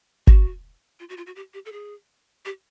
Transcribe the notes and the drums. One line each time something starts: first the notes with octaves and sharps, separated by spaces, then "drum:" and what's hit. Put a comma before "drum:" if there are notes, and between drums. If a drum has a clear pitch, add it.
F#4, drum: kick G1
F4
F#4
F4
F#4
G4
G4
A4
G#4
G4